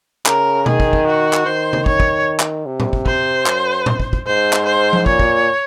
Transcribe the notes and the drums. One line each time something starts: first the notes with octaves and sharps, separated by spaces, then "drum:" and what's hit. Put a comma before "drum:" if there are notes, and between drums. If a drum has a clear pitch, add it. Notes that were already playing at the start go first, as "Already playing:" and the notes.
C#3 A#4, drum: clap
D#3 G#4, drum: tom B2
drum: kick
drum: kick
F#4
drum: clap
D#3 C5
drum: tom C#3
C#5, drum: kick
drum: kick
drum: clap
C3
drum: tom A2
drum: kick
C5, drum: kick
F#2, drum: clap
drum: tom A2
drum: kick
drum: kick
G#2 C5
drum: clap
C5
drum: tom F3
A#2 C#5, drum: kick
drum: kick